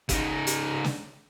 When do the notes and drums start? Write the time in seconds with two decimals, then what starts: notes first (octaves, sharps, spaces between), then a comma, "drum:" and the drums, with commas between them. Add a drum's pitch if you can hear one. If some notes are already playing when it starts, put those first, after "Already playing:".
0.09 C#3 D#4, drum: kick, hi-hat
0.47 drum: hi-hat
0.84 drum: snare